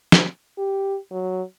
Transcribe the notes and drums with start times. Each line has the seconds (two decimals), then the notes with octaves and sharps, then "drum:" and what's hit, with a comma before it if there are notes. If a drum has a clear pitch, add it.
0.12 drum: snare
0.58 G4
1.11 F#3